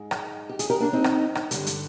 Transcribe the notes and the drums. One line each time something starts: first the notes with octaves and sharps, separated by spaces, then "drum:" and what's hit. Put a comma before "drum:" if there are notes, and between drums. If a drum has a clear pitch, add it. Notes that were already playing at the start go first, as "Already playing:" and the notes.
Already playing: G#2 G#3
drum: rim click
G4
G#4, drum: hi-hat
G4 A#4
A#3 D4
C4 D#4
drum: rim click
drum: rim click
G2 D3 G3, drum: hi-hat
drum: hi-hat